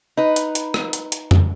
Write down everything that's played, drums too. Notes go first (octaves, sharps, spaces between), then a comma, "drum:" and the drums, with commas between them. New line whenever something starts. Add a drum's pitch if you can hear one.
D#4 B4
drum: hi-hat
drum: hi-hat
drum: rim click
drum: hi-hat
drum: hi-hat
drum: tom F2